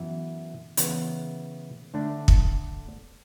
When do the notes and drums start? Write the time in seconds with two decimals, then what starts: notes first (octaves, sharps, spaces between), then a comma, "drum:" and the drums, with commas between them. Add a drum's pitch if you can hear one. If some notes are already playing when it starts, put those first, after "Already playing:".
Already playing: F#2 E3 B3 E4
0.77 C#3 E3 B3, drum: hi-hat
1.94 D3 A3 D4
2.28 drum: kick